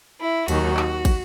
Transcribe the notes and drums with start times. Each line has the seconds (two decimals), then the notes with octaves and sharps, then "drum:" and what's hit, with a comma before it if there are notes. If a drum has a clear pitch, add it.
0.20 E4
0.48 D#2 D#3 F#3 F#4, drum: cymbal
0.77 drum: clap
1.05 drum: kick, cymbal